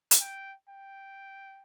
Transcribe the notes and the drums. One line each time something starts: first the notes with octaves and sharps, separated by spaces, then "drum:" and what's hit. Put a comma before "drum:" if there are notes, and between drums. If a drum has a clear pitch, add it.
drum: hi-hat
G5
G5